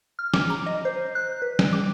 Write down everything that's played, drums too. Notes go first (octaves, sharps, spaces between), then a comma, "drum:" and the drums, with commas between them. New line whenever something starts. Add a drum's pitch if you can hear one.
F6
D6, drum: snare
A#5
D#5
C5
F#6
B4
G3, drum: snare
D6